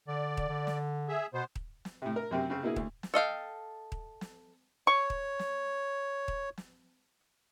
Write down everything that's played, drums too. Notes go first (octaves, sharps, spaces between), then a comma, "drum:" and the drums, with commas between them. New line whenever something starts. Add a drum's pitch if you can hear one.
D3 D5
drum: kick D#1
D3
drum: snare
G#4 E5
B2 B3 C5
drum: kick D#1
drum: snare
A2 C3
A#4
F#2 C3 C4
C#3 C4
B2 A#3 E4 G#4
D2, drum: kick D#1
drum: snare
A4 D#5 F5 G5
drum: kick D#1
drum: snare
C#5 C#6
drum: kick D#1
drum: snare
drum: kick D#1
drum: snare